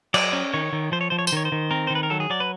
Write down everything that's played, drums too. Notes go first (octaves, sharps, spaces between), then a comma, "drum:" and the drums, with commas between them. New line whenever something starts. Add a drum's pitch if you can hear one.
F#3 D5, drum: cymbal
C#4
D#3 C#5
D#3
F3 C5
C#5
F3 C5
C#5
C5, drum: tambourine
D#3 C#5
C5
D#3
C4 A#4
C5
D#3
B4
A#4
F#3 A4
G#4
F#3 D5
B4